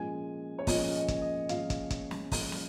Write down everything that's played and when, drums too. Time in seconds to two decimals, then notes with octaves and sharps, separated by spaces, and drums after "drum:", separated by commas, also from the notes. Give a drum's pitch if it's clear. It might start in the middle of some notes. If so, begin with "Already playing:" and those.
Already playing: A#2 F3 G#3 C#4 G#5
0.59 C#5
0.67 A#2 F3 G#3 C#4 D#5, drum: kick, open hi-hat
0.95 D#5
1.08 drum: kick, hi-hat
1.21 D#5
1.49 A#2 F3 G#3 C#4 F5, drum: hi-hat
1.70 drum: kick, hi-hat
1.90 drum: kick, hi-hat
2.11 drum: snare
2.32 A#2 F3 G#3 C#4, drum: kick, open hi-hat
2.52 drum: snare